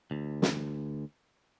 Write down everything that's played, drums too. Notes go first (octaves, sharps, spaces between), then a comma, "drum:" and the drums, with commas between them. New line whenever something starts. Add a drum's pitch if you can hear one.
D2
drum: snare